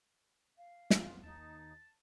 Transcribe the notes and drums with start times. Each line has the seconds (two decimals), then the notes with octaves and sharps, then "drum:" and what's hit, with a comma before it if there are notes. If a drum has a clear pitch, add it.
0.59 F5
0.90 drum: snare
1.00 F2 B3 F4
1.23 D#2 D#4 A5